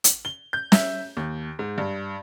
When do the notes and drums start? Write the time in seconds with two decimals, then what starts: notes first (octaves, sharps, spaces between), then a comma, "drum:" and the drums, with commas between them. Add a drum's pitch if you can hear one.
0.04 drum: hi-hat
0.25 G7
0.53 G6
0.72 E5, drum: snare
1.17 D#2
1.59 G#2
1.78 G2